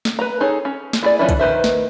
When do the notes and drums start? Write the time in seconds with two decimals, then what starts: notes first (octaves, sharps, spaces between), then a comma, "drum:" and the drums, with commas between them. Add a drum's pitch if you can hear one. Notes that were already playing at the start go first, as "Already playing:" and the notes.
0.05 drum: snare
0.19 B4 A#5
0.41 D#4 G#4 A4 C#5
0.65 C#4
0.93 drum: snare
1.03 E4 G#4 D5
1.19 E3 F3 C#4 D4 E4
1.29 drum: kick, hi-hat
1.39 D#3 B4 C5 E5
1.64 drum: snare